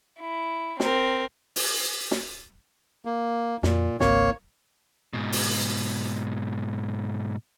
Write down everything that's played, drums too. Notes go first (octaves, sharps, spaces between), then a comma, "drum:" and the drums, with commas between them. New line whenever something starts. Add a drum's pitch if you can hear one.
E4
C4 A#4, drum: snare
drum: open hi-hat
drum: snare
A#3
F2 A#2, drum: snare
G#1 C#2 A#3 C4 C#5, drum: snare
G#2 B2
drum: open hi-hat